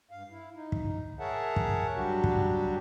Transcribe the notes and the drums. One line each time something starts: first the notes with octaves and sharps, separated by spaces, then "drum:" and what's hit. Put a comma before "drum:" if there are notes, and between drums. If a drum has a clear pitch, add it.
G2 F5
E4
D#4
drum: kick
G#4 A#4 C#5 E5 F#5 A5
drum: kick
F#3 G3 D4 F#4 G4
drum: kick